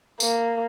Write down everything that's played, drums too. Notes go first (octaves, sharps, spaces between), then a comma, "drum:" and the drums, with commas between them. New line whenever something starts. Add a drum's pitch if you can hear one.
A#3, drum: tambourine